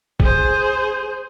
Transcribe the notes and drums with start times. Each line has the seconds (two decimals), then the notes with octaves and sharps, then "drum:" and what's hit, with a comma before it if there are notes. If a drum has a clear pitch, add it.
0.20 G#4 C5, drum: kick